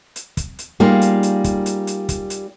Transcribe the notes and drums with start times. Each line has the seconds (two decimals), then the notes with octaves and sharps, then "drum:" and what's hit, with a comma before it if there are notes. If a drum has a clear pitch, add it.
0.16 drum: hi-hat
0.37 drum: kick, hi-hat
0.59 drum: hi-hat
0.80 G3 A#3 D#4 F4 G#4
1.01 drum: hi-hat
1.23 drum: hi-hat
1.44 drum: kick, hi-hat
1.66 drum: hi-hat
1.87 drum: hi-hat
2.09 drum: kick, hi-hat
2.30 drum: hi-hat